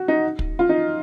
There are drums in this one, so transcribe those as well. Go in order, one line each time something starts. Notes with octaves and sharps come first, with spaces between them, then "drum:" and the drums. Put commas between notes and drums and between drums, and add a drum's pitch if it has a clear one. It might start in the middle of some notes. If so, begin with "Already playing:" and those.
Already playing: F#4
D#4
drum: kick
F4
D#4